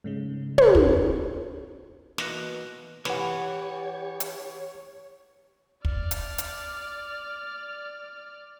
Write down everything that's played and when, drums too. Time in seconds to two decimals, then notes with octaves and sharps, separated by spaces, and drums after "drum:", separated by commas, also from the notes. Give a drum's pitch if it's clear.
0.04 G#2 C#3 G#3
0.58 drum: tom
0.75 drum: kick
2.18 B2 E3 A#3 D#4 F#6 A#6 C#7, drum: snare
3.05 E3 G4 B4 C#5 F#5, drum: snare
4.20 drum: hi-hat
5.85 D5 F6, drum: kick
6.11 drum: hi-hat
6.38 drum: hi-hat